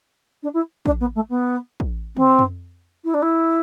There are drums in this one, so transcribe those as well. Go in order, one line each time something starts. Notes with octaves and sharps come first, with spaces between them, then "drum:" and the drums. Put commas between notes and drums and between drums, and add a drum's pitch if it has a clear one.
D4
E4
D4, drum: kick
B3
A3
B3
drum: kick
C4, drum: tom
drum: tom
E4
D4
E4